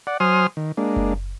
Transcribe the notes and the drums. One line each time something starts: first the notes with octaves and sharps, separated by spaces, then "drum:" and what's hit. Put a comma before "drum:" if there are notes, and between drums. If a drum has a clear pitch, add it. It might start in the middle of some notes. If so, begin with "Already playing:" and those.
D5 F#5
F#3 C5 G#5 C6 D#6 F6
D#3
G#3 A#3 D4
drum: kick F#1